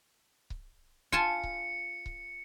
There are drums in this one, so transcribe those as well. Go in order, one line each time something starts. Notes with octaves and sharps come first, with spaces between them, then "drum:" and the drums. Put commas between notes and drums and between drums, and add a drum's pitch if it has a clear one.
drum: kick C#1
F4 G#5 A5 C#7, drum: kick C#1
drum: kick C#1
drum: kick C#1